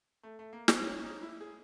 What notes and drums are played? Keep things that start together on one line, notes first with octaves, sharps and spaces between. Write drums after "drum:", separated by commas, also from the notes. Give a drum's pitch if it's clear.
A3
A3
A#3
C4, drum: snare
C#4
D#4
E4
G#4